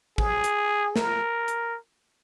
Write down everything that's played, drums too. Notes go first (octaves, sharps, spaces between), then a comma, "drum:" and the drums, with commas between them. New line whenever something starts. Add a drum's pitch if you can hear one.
G#4, drum: kick
drum: hi-hat
A#4, drum: snare
drum: hi-hat